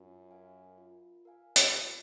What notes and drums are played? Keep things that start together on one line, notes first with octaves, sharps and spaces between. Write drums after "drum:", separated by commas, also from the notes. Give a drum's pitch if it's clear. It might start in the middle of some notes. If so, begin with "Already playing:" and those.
Already playing: F#2 F4
A#4 F5 G#5
F4
A#4 F5 G#5
drum: hi-hat
F4